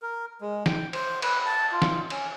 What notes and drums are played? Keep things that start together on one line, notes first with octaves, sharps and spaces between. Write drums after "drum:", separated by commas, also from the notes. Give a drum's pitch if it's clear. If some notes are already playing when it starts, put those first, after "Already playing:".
A#4
G#3
G5, drum: snare
C5, drum: cymbal
B4, drum: cymbal
A5
F4
drum: snare
C#4, drum: cymbal